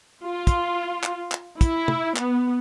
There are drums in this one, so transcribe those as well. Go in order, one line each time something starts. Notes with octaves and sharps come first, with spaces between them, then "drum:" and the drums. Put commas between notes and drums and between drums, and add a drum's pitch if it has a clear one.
F4
drum: kick, hi-hat
drum: clap
drum: clap
E4, drum: kick, hi-hat
drum: tom
B3, drum: clap